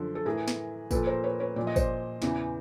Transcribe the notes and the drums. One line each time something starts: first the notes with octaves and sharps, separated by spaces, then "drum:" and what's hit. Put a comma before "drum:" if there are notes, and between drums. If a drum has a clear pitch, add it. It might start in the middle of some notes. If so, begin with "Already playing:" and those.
Already playing: F#2 D3 F3 A4
A4
A2 E3 G#4 A#4
drum: snare
A#2 F3 A4 B4, drum: kick, tambourine
A#4 C5
B4 C#5
B4 C#5
A#2 F3 D5
D#5
C5 D5, drum: kick, tambourine
E2 C#3 E3, drum: snare